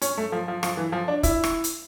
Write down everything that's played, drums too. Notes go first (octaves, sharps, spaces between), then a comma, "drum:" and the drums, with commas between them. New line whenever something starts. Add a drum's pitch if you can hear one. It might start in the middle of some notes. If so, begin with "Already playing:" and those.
C#4, drum: hi-hat
A3
F3
F3
F3, drum: rim click
E3
F3
D4
E4, drum: kick, hi-hat
drum: rim click
drum: hi-hat